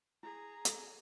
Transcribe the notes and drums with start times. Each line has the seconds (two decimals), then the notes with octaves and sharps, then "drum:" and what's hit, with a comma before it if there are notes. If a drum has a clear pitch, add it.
0.23 E4 G#4 A#5
0.65 A4, drum: hi-hat